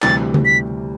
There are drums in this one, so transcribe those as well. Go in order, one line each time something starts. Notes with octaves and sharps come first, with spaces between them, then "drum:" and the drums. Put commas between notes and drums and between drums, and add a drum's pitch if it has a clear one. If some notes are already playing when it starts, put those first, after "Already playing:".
D2 C3 E3 G3 A6, drum: clap
drum: tom C#3
B6